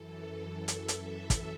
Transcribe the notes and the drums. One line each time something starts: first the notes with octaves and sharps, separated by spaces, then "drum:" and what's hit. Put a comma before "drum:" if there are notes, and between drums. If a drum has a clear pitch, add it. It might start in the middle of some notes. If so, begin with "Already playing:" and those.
Already playing: F#2 E3 A4
E5, drum: hi-hat
drum: hi-hat
drum: kick, hi-hat